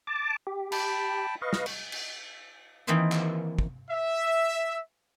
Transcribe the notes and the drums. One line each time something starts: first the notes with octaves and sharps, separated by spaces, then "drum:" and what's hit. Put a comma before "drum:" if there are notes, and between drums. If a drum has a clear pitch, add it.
A5 D6
G4
G5 A5 B5, drum: cymbal
B4 D#5 F5 C#6
drum: snare
drum: cymbal
drum: cymbal
D#3 E3 A#3 C4 E5 C6
drum: clap
drum: kick
E5